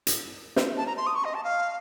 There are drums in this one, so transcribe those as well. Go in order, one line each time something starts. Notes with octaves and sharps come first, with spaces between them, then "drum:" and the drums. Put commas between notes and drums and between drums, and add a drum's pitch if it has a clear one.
drum: hi-hat
drum: snare
A5
A#5
C6
D#6
C#6
D#5
A5
F5